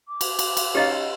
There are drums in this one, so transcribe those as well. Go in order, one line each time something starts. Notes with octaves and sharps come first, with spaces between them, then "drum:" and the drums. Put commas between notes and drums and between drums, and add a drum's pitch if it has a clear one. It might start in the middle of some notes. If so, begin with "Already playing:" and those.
D6
drum: cymbal
drum: cymbal
drum: cymbal
C#4 D#4 G4 D#5 F5